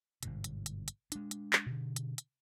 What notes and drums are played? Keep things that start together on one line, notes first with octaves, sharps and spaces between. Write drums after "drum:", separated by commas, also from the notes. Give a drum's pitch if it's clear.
G1 G#2 B2, drum: hi-hat
drum: hi-hat
drum: hi-hat
drum: hi-hat
G#3 D4, drum: hi-hat
drum: hi-hat
drum: clap
B2 D3
drum: hi-hat
drum: hi-hat